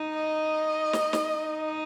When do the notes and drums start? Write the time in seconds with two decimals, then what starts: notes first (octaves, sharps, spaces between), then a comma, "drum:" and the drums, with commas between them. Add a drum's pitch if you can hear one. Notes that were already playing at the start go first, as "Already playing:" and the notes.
Already playing: D#4
0.15 D#5
0.93 drum: snare
1.13 drum: snare
1.32 D#4